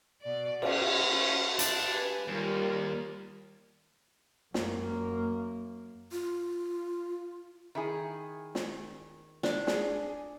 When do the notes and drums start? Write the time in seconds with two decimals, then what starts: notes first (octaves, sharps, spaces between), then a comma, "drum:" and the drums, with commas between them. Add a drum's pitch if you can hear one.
0.22 B2 D5
0.62 C#4, drum: cymbal
1.06 C#4 F4
1.59 D4, drum: hi-hat
1.88 G4 B4 G#5
2.28 D#2 G3 F4 A#4
4.54 F#2 A#3, drum: snare
6.12 F4
7.75 D#3 E4 G#4
8.55 drum: snare
9.43 D4, drum: snare
9.67 G#4, drum: snare